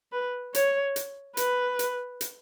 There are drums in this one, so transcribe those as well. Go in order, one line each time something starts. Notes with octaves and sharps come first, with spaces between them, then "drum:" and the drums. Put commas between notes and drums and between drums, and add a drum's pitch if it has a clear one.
B4
C#5, drum: hi-hat
drum: hi-hat
B4, drum: hi-hat
drum: hi-hat
drum: hi-hat